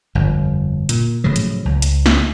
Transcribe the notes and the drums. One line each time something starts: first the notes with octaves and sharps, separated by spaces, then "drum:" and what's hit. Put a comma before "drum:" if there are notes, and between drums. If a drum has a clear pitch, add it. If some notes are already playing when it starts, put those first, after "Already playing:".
G1 F2
A#2, drum: hi-hat
A2 C#3 F3 F#3
drum: hi-hat
C#2
drum: hi-hat
drum: snare